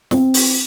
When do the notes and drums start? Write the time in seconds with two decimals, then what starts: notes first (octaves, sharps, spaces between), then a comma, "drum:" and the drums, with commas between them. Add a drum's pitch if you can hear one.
0.11 C4, drum: snare
0.34 drum: open hi-hat